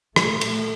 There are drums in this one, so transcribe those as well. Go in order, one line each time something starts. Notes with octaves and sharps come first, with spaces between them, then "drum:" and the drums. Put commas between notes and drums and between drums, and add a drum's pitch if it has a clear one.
A#2 A3, drum: rim click
drum: cymbal